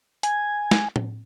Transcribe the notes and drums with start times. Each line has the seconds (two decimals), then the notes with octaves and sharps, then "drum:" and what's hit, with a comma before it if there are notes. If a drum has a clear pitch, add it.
0.23 G#5, drum: hi-hat
0.71 drum: snare
0.96 drum: tom A2